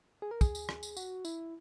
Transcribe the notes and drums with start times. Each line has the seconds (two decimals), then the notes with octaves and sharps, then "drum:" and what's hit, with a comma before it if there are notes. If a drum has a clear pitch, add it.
0.22 G#4
0.31 A#4
0.41 G#4, drum: kick, tambourine
0.55 drum: tambourine
0.69 drum: rim click
0.83 drum: tambourine
0.97 F#4, drum: tambourine
1.25 E4, drum: tambourine